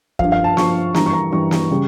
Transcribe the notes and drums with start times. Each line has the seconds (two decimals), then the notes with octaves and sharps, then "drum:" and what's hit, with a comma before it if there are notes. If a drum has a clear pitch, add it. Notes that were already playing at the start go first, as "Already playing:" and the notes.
0.19 G2 F3 F5, drum: kick
0.32 F5
0.44 A5
0.57 G2 F3 C#6, drum: snare
0.94 G2 E3 G3 A#5, drum: snare
1.06 C#6
1.13 A#5
1.32 G2 E3 G3 C#6
1.51 drum: snare
1.71 C#3 G3